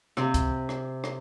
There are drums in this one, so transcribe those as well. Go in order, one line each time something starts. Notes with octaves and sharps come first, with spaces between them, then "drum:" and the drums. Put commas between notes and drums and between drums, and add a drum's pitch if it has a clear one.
C3, drum: rim click
drum: kick C#2, hi-hat
drum: rim click
drum: rim click